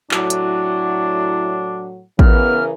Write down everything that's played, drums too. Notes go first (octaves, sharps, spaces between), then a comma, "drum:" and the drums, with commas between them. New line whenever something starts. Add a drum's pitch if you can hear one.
A2 F#3 D4 E4, drum: clap
drum: hi-hat
C#3 E3 B3 A#4 F6, drum: kick A1